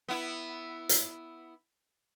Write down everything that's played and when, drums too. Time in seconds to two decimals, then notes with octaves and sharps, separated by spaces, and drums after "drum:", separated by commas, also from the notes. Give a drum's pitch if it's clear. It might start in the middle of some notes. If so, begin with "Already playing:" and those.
0.08 B3 E4
0.89 drum: hi-hat